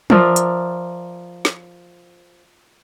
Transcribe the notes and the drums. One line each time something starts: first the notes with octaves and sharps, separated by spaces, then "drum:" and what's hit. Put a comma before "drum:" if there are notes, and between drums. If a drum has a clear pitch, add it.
F3 A#4 D5 E5, drum: tom
drum: hi-hat
drum: snare